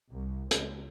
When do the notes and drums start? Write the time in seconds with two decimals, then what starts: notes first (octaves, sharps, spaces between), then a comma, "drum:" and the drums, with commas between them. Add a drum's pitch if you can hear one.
0.11 C2
0.51 C#2, drum: hi-hat